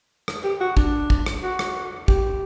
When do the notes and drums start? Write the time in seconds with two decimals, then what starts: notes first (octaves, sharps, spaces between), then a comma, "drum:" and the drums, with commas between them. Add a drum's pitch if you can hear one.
0.28 drum: rim click
0.44 G4
0.61 F#4
0.77 D4, drum: kick
1.10 drum: kick
1.26 drum: rim click
1.43 F#4
1.59 drum: rim click
2.08 G4, drum: kick